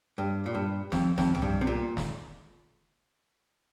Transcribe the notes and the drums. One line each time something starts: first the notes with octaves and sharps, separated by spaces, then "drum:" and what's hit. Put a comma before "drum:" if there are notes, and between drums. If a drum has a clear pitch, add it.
G2
A#2
G2
F2, drum: snare
F2, drum: snare
F2, drum: tom B1
G2
C3
A#2
drum: snare